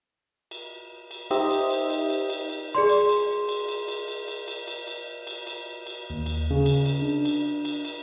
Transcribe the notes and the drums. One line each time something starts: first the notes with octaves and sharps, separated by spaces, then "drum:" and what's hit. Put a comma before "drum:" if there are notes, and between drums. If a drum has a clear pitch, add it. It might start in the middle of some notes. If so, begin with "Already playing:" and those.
drum: cymbal
drum: cymbal
D#4 G4 C5 D#5 E5, drum: cymbal
drum: cymbal
drum: cymbal
drum: cymbal
drum: cymbal
drum: cymbal
drum: cymbal
G#4 D5 C6
drum: cymbal
drum: cymbal
drum: cymbal
drum: cymbal
drum: cymbal
drum: cymbal
drum: cymbal
drum: cymbal
drum: cymbal
drum: cymbal
drum: cymbal
drum: cymbal
drum: cymbal
D#2
drum: cymbal
C#3
drum: cymbal
drum: cymbal
D4
drum: cymbal
drum: cymbal
drum: cymbal